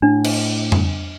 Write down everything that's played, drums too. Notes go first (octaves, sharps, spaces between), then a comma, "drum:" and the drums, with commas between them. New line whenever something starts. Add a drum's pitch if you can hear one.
A2 D4
drum: cymbal
drum: tom F2